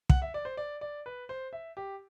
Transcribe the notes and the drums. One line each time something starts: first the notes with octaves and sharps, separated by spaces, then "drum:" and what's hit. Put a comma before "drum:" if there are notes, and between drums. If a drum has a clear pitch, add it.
F#5, drum: kick
E5
D5
C5
D5
D5
B4
C5
E5
G4